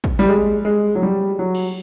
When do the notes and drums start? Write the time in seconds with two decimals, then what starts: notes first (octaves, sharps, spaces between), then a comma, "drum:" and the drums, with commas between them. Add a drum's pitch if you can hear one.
0.04 drum: kick
0.19 G3
0.28 G#3
0.65 G#3
0.95 F#3
1.03 G3
1.39 F#3
1.55 drum: cymbal